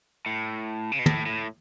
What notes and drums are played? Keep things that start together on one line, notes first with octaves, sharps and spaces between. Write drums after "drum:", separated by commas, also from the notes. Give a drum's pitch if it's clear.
A2
C#3
B2
A2, drum: tom
A2